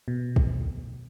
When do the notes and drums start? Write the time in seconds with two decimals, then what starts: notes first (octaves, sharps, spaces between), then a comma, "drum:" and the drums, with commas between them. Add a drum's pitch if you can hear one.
0.08 B2
0.36 drum: kick